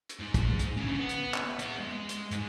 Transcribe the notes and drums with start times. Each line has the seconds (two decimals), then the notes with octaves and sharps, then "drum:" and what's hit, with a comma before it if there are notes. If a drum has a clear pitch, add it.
0.09 drum: hi-hat
0.19 G#2 G#3
0.34 drum: kick, hi-hat
0.59 drum: hi-hat
0.77 D3 C#4
0.99 B3
1.09 drum: hi-hat
1.34 drum: clap
1.59 B3 E5, drum: hi-hat
1.80 G#3
2.09 drum: hi-hat
2.31 G#2 G#3, drum: hi-hat